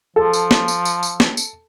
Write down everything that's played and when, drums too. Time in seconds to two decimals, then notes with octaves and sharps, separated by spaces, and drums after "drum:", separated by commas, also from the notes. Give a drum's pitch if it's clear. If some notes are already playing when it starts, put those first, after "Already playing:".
0.16 F3 A4
0.33 drum: tambourine
0.51 drum: snare
0.68 drum: tambourine
0.85 drum: tambourine
1.03 drum: tambourine
1.20 drum: snare
1.37 drum: tambourine